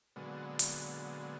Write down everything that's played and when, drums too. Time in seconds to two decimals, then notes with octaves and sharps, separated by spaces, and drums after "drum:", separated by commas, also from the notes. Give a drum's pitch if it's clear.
0.16 A#2 D3 F#3 G#3 B3
0.59 drum: hi-hat